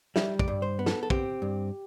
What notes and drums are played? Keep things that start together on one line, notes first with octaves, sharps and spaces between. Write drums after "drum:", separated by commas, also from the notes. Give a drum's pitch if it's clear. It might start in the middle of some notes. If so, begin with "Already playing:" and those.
G3 E5, drum: snare
D5, drum: kick
G2
C5
B3
A4, drum: snare
A4
C4 G4, drum: kick
G2